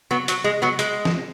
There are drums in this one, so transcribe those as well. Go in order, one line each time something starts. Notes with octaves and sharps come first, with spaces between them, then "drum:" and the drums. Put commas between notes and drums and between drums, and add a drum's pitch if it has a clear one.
F#3 B3
F#3, drum: hi-hat
G#3
F#3 B3
G#3, drum: hi-hat
drum: snare